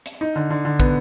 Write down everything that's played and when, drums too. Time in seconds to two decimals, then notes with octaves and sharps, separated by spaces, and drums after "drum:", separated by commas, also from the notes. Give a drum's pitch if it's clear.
0.06 drum: hi-hat
0.21 D#4
0.36 D3
0.50 D3
0.65 D3
0.80 B3, drum: kick